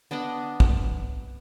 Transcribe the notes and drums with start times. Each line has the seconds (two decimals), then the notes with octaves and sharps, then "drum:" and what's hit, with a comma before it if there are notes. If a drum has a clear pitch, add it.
0.11 B3 D4 D#5 F#5
0.60 drum: kick